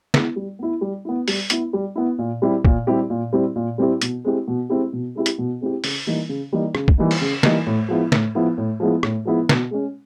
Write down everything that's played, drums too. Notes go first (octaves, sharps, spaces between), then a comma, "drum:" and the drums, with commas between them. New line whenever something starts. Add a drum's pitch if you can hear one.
G#3 B3 E4, drum: snare
G3
B3 E4
G3
B3 E4
G3, drum: open hi-hat
B3 E4, drum: hi-hat
G3
B3 E4
A#2
G3 C4 E4 G4
A#2, drum: kick
G3 C4 E4 G4
A#2
G3 C4 E4 G4
A#2
G3 C4 E4 G4
B2, drum: hi-hat
G#3 C4 E4 G4
B2
G#3 C4 E4 G4
B2
G#3 C4 E4 G4
drum: hi-hat
B2
G#3 C4 E4 G4
C#3, drum: open hi-hat
E3 G3 A#3 D#4
C#3
E3 G3 A#3 D#4
C#3, drum: rim click
drum: kick
E3 G3 A#3 D#4
drum: cymbal
C#3
E3 G3 A#3 D#4, drum: snare
A2
F3 G#3 B3 E4
A2, drum: snare
F3 G#3 B3 E4
A2
F3 G#3 B3 E4
A2, drum: rim click
F3 G#3 B3 E4
B2, drum: snare
G#3 C#4